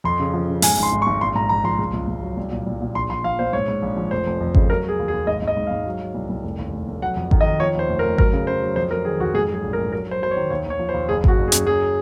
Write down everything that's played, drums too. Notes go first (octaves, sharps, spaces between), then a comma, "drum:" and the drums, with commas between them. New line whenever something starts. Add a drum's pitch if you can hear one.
F2 C6
C#3
F3
C#3
G#2 G#5, drum: open hi-hat
G#1
C6
G#1
C#6
G#1
A#1 C6
G#2 A#5
A#1 A#5
F3 C6
C#2
C#2
C#2
F#3
C2
A#2
C2
A#2
A#1 C6
A#1 C6
F3 F5
A#2 C5
G#2 C#5
G#2
A#1
F3
F1 C5
F1
F2
C#3, drum: kick G#1
F#3 A#4
F#3 G#4
D#2
G#4
D#2
G#1 D#5
G#1
D#5
G#2
G#2 F5
F#3
F#3
C2
C2
F1
D#2
F1
F1
F#3 F#5
F2
D#3, drum: kick G#1
D#5
D#3
F3 C#5
D#2 C5
F1
A#4
F1
F#3 A#4, drum: kick G#1
C#3
C#3 C5
F#3
F2 C5
F#3 A#4
D#3 G#4
F2 F#4
G#2 G#4
F#3 G#4
A#1
A#4
G#2
F#3 A#4
F#3 C5
F#3 C5
C#5
D#3
D#2 C#5
D#2 C#5
F3
C5
D#2
F#1 G#4
F#1 F#4, drum: kick G#1
F#1
G#4
F#2, drum: hi-hat
F#3 G#4